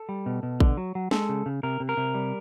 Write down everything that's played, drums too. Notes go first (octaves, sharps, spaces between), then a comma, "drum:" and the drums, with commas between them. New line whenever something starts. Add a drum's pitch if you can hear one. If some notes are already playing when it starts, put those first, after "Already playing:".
Already playing: A4
G3
B2
B2
D3, drum: kick A1
F#3
F#3
G#3 A4, drum: snare
C#3
C#3
C3 A#4
C3
A#4
C3
G3